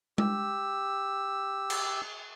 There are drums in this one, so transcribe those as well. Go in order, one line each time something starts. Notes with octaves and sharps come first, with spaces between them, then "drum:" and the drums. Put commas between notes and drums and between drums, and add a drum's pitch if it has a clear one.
G4 E6, drum: tom G#3
drum: cymbal